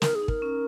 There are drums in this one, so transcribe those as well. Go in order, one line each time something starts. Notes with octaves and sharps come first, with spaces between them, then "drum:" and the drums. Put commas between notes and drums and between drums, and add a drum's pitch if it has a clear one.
D#4 A#4, drum: snare
G#4
D#4
A#4, drum: kick
C#4